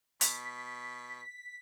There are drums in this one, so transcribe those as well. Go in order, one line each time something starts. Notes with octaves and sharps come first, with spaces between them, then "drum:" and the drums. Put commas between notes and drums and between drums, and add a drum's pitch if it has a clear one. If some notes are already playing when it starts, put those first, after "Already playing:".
B2 B6, drum: hi-hat